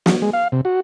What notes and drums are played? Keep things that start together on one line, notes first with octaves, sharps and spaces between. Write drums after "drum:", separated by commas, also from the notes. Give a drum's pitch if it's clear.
F#3, drum: snare
G#3
F5
C3
F#4